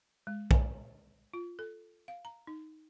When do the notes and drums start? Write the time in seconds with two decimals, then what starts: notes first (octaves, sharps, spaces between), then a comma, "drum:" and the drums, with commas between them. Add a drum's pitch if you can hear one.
0.27 G#3
0.51 G#5, drum: kick B1
1.34 F4
1.59 A4
2.08 F5
2.25 A#5
2.47 D#4